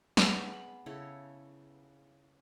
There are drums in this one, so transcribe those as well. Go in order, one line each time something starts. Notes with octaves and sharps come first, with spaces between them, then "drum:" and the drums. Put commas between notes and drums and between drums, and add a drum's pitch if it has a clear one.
B3 G#4, drum: snare
B5
C#3 E4 A4 C#5